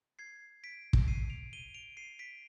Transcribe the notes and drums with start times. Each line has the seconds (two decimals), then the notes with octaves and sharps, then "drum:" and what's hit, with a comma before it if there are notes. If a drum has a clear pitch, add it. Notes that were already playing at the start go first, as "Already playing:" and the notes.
0.19 G#6 C7
0.64 B6 D7
0.93 drum: kick
1.08 C7 D#7
1.30 D7 F7
1.53 D#7 G7
1.74 D7 F7
1.97 C7 D#7
2.19 B6 D7